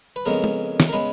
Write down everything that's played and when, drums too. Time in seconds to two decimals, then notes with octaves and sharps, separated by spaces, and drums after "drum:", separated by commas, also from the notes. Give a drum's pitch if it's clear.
0.16 B4
0.26 F2 C#3 G#3 B3 A#4
0.44 drum: tom
0.80 drum: snare
0.89 A#4
0.93 C#3 G#3 B3 B4